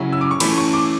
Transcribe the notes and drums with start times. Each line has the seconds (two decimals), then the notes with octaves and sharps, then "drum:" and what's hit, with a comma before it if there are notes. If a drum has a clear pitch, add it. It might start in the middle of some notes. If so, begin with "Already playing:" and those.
Already playing: C#3 F#3 C#4 E4
0.13 E6
0.21 D6
0.31 C#6
0.40 E3 A3 C#4 B5, drum: cymbal
0.58 C#6
0.73 D6